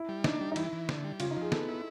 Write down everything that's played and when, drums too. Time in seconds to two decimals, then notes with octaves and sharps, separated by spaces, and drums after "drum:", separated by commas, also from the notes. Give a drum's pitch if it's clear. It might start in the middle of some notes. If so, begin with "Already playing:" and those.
Already playing: E4
0.09 G3
0.24 D4 D#4, drum: snare
0.41 G3
0.52 D#4
0.56 E3 E4, drum: cymbal
0.73 E3
0.89 D3, drum: snare
1.04 G3
1.20 C#3 F4, drum: cymbal
1.31 D#4
1.37 F3 G#4
1.52 B3 A4, drum: snare
1.68 E4